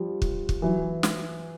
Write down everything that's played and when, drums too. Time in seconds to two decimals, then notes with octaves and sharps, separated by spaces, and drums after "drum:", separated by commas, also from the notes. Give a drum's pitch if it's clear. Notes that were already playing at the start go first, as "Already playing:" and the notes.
Already playing: F3 G3
0.22 drum: kick
0.49 drum: kick
0.62 E3 F#3
1.03 drum: snare